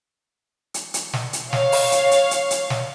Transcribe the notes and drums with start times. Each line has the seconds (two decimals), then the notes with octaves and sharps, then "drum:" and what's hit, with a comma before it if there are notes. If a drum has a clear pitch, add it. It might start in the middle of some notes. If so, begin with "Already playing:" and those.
0.74 drum: hi-hat
0.94 drum: hi-hat
1.13 drum: snare
1.33 drum: hi-hat
1.53 C#5 F5, drum: snare
1.72 drum: open hi-hat
1.92 drum: hi-hat
2.11 drum: hi-hat
2.31 drum: hi-hat
2.51 drum: hi-hat
2.70 drum: snare